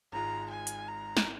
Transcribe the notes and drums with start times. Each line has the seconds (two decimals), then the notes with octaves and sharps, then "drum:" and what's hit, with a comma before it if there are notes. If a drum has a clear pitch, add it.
0.12 G#1 G#2 G#3 F4 A#5
0.51 G#5
0.67 drum: hi-hat
0.88 A#5
1.17 drum: snare